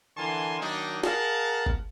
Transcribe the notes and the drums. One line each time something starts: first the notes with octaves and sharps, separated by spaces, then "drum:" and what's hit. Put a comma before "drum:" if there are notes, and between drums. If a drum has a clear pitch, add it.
D3 E3 A#4 G#5 A5 C6
D#3 F#3 A#3 D4 D#4
G#4 A#4 F5 F#5 A5, drum: snare
drum: kick